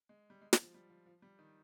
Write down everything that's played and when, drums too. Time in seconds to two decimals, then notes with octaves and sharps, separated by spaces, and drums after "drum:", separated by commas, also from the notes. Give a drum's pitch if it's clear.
0.09 G#3
0.30 G3
0.42 G#3
0.53 drum: snare
0.62 F3
0.74 G3
0.90 F3
1.06 F3
1.22 G3
1.39 D#3